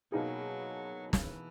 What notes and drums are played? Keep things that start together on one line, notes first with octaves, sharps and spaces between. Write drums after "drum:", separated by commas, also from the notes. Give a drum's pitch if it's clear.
B2 F#3 A#3 D#4 G#4
E3, drum: snare